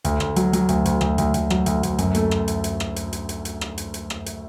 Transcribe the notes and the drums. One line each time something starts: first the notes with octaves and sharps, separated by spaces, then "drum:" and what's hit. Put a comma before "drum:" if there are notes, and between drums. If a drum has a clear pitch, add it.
D2, drum: hi-hat
D2, drum: rim click
F#3, drum: hi-hat
F#3, drum: hi-hat
D2, drum: hi-hat
D2, drum: hi-hat
D2, drum: rim click
D2, drum: hi-hat
D2, drum: hi-hat
F#3, drum: rim click
D2, drum: hi-hat
D2, drum: hi-hat
F#2, drum: hi-hat
A3, drum: hi-hat
drum: rim click
drum: hi-hat
drum: hi-hat
drum: rim click
drum: hi-hat
drum: hi-hat
drum: hi-hat
drum: hi-hat
drum: rim click
drum: hi-hat
drum: hi-hat
drum: rim click
drum: hi-hat